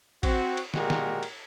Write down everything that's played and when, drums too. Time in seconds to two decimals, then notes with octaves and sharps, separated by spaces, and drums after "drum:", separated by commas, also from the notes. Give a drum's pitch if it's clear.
0.23 C4 F#4, drum: kick, cymbal
0.57 drum: cymbal
0.74 A#2 G#3 F#4 G4 A#4, drum: snare
0.90 drum: snare
1.23 drum: cymbal